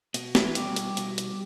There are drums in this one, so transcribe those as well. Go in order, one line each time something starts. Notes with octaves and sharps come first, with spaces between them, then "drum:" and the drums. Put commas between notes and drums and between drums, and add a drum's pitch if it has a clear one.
B2, drum: hi-hat
E3 E4, drum: snare
B2 G3 G4, drum: hi-hat
drum: hi-hat
B2, drum: hi-hat
drum: hi-hat